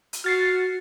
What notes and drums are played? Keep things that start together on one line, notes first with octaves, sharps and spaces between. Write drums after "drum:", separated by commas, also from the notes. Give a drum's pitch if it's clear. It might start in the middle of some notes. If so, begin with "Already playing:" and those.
drum: hi-hat
F#4 F6 A6 C7